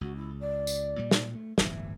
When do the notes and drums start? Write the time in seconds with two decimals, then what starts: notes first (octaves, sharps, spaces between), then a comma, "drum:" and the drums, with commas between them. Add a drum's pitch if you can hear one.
0.01 C#2 F#4
0.16 E4
0.40 D5
0.67 drum: tambourine
0.98 A#2 G3
1.11 drum: snare
1.35 A3
1.58 D1 G1 E3 E5, drum: snare